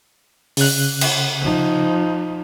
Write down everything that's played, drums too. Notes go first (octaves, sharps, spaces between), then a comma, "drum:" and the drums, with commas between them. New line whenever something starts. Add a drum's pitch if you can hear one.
C#3 F#6, drum: open hi-hat
drum: cymbal
F3 D#4